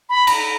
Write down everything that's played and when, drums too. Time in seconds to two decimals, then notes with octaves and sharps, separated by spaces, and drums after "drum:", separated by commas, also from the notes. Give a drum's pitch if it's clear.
0.09 B5
0.27 A#5, drum: cymbal